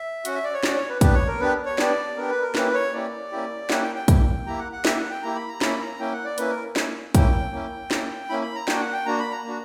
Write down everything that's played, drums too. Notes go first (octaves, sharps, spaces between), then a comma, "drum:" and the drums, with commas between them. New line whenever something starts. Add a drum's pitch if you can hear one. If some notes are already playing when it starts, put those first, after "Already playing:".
Already playing: E5
C#4 F#4 F#5, drum: hi-hat
E5
D5
C#5
C#4 F#4 D5, drum: snare
C#5
B4
B3 D4 G4 B4, drum: kick, hi-hat
C#5
A#4
B3 D4 G4 B4
C#5
B3 D4 G4 D5, drum: snare
B3 D4 G4 A#4
B4
A#4
A#3 C#4 E4 G4 B4, drum: snare
C#5
A#3 C#4 E4 G4 D5
A#3 C#4 E4 G4
A#3 C#4 E4 G4 F#5, drum: snare
G5
G5
A#3 E4 G4, drum: kick, hi-hat
A#3 E4 G4 A#5
F#5
F#5
A#3 E4 G4 E5, drum: snare
F#5
G5
A#3 E4 G4 A#5
B5
A#5
A#3 C#4 E4 B5, drum: snare
A#5
A#3 C#4 E4 G5
F#5
D5
A#3 C#4 E4 B4, drum: hi-hat
A#4
A#3 C#4 E4, drum: snare
A#3 C#4 E4 G5, drum: kick, hi-hat
A#3 C#4 E4
A#3 C#4 E4, drum: snare
A#3 C#4 E4 B5
B5
A#5
A#3 D4 F#4 G5, drum: snare
F#5
G5
A#3 D4 F#4 A#5
B5
A#5
A#3 D4 F#4